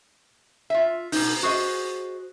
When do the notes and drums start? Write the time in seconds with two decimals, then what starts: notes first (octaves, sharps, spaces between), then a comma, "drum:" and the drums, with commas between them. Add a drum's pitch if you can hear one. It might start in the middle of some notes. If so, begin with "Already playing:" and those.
0.70 F4 E5
1.12 B2 D#4, drum: open hi-hat
1.43 F#4 G#4 C5 D#5